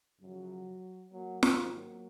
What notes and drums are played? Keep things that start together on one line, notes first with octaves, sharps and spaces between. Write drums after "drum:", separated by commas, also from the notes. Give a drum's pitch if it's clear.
F#2 C#3 F3 F#3
F#3 A#3
G#2 D#3 F#3, drum: snare
F#3 A#3